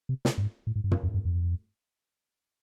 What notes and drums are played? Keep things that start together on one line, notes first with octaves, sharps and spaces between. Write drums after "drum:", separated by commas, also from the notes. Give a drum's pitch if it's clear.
C3
C3, drum: snare
G2
G#2
A2
G#2
G2
F#2, drum: tom
F2
F#2
F2